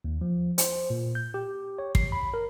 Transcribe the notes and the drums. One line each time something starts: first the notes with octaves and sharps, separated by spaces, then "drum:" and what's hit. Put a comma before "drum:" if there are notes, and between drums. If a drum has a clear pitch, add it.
D#2
F3
C5, drum: hi-hat
A#2
G6
G4
C#5
C7, drum: kick
B5
A#4